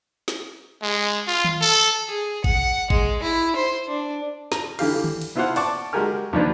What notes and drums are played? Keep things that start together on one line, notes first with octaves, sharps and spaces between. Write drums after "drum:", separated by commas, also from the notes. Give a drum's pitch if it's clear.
drum: snare
G#3
F4
drum: tom D#3
A4
G#4
F#5, drum: kick G#1
G#3, drum: kick G#1
E4
C5
D4
A#5, drum: snare
D3 E3 G4 F5, drum: cymbal
drum: tom
drum: cymbal
B3 E4 F4 C5 F5 F#5
D5 F#5 A5 C#6 D6, drum: cymbal
G#3 F#4 G4 A#4 G#5 F6
D#2 F3 D4 B4